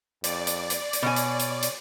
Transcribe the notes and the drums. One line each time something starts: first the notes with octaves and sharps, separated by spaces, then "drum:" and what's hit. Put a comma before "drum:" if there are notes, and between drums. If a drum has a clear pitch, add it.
F2 D5, drum: hi-hat
drum: hi-hat
drum: hi-hat
drum: hi-hat
B2 C#5 G#5
drum: hi-hat
drum: hi-hat
drum: hi-hat